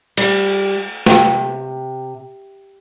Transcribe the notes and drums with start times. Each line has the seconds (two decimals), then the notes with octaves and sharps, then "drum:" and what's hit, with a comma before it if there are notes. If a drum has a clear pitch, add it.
0.17 G3, drum: cymbal
1.06 C3, drum: snare